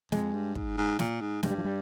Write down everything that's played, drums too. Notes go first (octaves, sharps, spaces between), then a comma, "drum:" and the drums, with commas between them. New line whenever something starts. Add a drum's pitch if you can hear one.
F2 G#3, drum: snare
G2
G#2, drum: kick
G#2
A#2, drum: snare
G#2
G2 G#3, drum: snare
G3
F3
G3